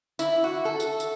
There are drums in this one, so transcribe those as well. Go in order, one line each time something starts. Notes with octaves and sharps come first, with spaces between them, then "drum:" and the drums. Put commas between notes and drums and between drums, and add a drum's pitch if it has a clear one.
E4, drum: tambourine
F#4
A4
drum: tambourine
drum: tambourine